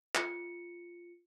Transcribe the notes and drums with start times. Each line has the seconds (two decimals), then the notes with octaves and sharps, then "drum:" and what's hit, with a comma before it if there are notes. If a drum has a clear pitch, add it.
0.15 F4 C#7, drum: clap